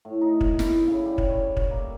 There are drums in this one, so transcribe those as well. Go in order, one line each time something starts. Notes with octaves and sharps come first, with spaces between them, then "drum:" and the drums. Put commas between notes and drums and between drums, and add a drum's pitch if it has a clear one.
A2
D#4
drum: kick
E4, drum: snare
C#3
G3
drum: kick
C#5
drum: kick
A#3